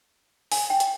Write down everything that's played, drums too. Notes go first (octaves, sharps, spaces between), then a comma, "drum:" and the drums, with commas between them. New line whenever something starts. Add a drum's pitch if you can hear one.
G#5, drum: open hi-hat
G5
drum: hi-hat